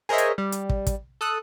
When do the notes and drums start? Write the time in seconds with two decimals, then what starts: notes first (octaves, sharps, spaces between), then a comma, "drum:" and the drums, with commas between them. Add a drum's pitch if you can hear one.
0.09 G#4 A#4 C5 C#5 D#5 E5
0.18 drum: hi-hat
0.38 G3
0.52 drum: hi-hat
0.69 drum: kick
0.87 drum: kick, hi-hat
1.21 A4 D#6 F#6